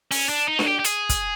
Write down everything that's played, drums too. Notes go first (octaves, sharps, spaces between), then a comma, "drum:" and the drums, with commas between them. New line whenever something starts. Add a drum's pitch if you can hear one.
C#4, drum: open hi-hat
D4
D#4
F#4, drum: snare D4
G4
G4
G#4, drum: hi-hat
drum: kick, hi-hat